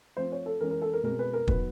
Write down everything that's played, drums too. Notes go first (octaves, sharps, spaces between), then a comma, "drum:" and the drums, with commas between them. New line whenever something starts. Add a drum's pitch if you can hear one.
F3 A3 C4 C5
C#5
A4
E3 G#3 C#4 A#4
A#4
A4
A#4
B2 G#3 C4 A#4
B4
A#4
F#3 B3 D#4 B4, drum: kick